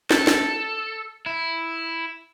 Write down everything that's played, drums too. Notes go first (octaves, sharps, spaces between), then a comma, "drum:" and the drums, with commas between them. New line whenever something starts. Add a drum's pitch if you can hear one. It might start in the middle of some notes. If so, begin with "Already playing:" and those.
A4, drum: snare
drum: snare
E4